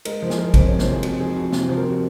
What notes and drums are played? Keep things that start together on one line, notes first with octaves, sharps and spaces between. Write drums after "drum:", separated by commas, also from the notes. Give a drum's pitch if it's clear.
G#3 A#4, drum: cymbal
F3 C5
G#4, drum: snare
F3 A#4
F2 C5, drum: kick, cymbal
C#5
C3
C5, drum: snare
F3
G#4
C3 F#4, drum: cymbal
F3 G#4
F2 F#4
C3 F#4, drum: snare
C5
F3
A#4
C3
F#4